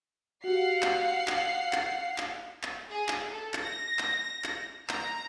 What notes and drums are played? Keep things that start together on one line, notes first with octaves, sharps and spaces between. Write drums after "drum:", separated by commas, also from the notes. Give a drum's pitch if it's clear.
F#4 G4 F5 F#5 C7
drum: clap
drum: clap
drum: clap
drum: clap
drum: clap
G#4
drum: clap
A4
drum: clap
A#6
drum: clap
drum: clap
A#5, drum: clap